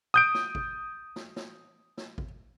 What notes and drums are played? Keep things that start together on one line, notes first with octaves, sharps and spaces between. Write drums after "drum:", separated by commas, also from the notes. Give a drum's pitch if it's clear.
D#6 G6 D7
drum: snare
drum: kick G#1
drum: snare
drum: snare
drum: snare
drum: kick G#1